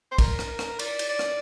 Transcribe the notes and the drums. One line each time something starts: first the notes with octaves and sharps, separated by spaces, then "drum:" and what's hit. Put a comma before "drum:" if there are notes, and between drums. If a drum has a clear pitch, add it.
C5
A#4, drum: kick, cymbal
drum: rim click
drum: rim click
D5, drum: cymbal
drum: cymbal
D5
drum: rim click